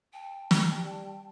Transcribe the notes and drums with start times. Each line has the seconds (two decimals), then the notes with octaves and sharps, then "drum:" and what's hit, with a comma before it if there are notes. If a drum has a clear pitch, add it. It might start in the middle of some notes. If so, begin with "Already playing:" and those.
0.13 G5 A5
0.51 drum: snare
0.76 G3